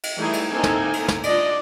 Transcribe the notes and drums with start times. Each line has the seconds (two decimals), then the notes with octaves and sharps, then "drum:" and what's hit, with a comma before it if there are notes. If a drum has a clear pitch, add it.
0.03 drum: cymbal
0.16 E3 G3 A3 D#4 E4 G#4
0.33 drum: cymbal
0.50 A#3 C4 D#4 E4 A4 G#5
0.63 drum: snare
0.93 drum: cymbal
1.08 drum: snare
1.23 D4 F4 D5 D#5, drum: cymbal